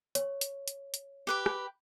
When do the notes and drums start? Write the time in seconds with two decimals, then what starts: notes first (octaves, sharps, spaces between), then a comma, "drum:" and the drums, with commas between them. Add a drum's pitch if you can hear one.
0.15 C#5, drum: hi-hat
0.41 drum: hi-hat
0.68 drum: hi-hat
0.94 drum: hi-hat
1.27 G4 B4 D6
1.46 drum: rim click